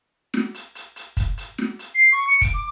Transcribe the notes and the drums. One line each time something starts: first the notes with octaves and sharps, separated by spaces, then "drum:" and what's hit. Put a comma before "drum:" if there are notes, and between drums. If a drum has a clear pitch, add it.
drum: snare
drum: hi-hat
drum: hi-hat
drum: hi-hat
drum: kick, hi-hat
drum: hi-hat
drum: snare
drum: hi-hat
C7
C#6
C#7
D7, drum: kick, hi-hat
D6